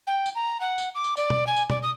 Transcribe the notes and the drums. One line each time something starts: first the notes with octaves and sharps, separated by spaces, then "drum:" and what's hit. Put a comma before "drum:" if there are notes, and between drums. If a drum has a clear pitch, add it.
G5
drum: tambourine
A#5
F#5
drum: tambourine
D6
drum: tambourine
D5, drum: tambourine
drum: tom
G#5
drum: tambourine
D5, drum: tom
D#6